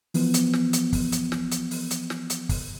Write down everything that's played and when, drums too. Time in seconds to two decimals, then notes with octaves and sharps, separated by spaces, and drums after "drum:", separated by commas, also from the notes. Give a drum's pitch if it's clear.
0.14 E3 F3 B3, drum: open hi-hat
0.34 drum: hi-hat
0.53 drum: snare
0.73 drum: hi-hat
0.93 drum: kick, open hi-hat
1.12 drum: hi-hat
1.32 drum: snare
1.51 drum: hi-hat
1.71 drum: open hi-hat
1.91 drum: hi-hat
2.10 drum: snare
2.30 drum: hi-hat
2.49 drum: kick, open hi-hat